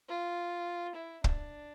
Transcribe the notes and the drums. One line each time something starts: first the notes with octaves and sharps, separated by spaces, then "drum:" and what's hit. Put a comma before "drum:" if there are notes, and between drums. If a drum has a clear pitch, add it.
F4
E4
D4, drum: kick